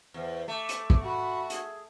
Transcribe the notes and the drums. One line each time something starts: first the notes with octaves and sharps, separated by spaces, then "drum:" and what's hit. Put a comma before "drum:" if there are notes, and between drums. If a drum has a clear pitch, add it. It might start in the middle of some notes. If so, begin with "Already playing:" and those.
E2 C5
A3 D6
drum: hi-hat
drum: kick
F#4 B5
G#4, drum: hi-hat